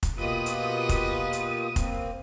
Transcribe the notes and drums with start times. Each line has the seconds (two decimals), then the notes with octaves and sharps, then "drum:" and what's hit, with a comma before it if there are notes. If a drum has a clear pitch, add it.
0.03 drum: kick F1, hi-hat
0.18 B2 A#3 F4 G4 B4 D#5 D#6
0.46 drum: hi-hat
0.89 drum: kick F1, hi-hat
1.33 drum: hi-hat
1.76 A#3 C4, drum: kick F1, hi-hat